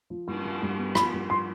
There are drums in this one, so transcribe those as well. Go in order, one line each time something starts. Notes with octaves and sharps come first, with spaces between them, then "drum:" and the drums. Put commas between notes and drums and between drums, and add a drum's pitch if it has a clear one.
F3
G2, drum: cymbal
F3
G2
B3
F3 B5, drum: rim click
G2
F3 C6